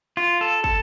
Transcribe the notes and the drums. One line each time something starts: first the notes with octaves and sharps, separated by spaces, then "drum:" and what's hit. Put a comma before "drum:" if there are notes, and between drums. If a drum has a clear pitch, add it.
F4
A4
A4, drum: kick